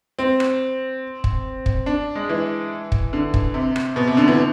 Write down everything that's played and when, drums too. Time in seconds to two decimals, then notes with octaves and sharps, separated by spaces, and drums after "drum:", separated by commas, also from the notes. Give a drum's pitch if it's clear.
0.19 C4
0.40 drum: rim click
1.24 drum: kick
1.66 drum: kick
1.86 D4
2.15 G#3
2.29 E3
2.92 drum: kick
3.13 D3
3.34 drum: kick
3.54 C3
3.76 drum: rim click
3.96 B2
4.07 C3
4.17 D3
4.28 E3